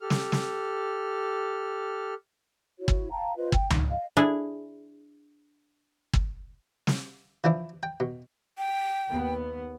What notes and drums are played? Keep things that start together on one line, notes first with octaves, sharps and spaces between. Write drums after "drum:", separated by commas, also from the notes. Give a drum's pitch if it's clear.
G4 A4 F6
drum: snare
drum: snare
E4 F#4 C#5
drum: kick
F5 G5 A5 A#5
F4 B4 C5 D#5
G5, drum: kick
D#4, drum: tom C#2
D#5 F5
D4 E4 G#4
drum: kick
drum: snare
E3 F3 D4 E4
G5
B2
G5
D#2 B3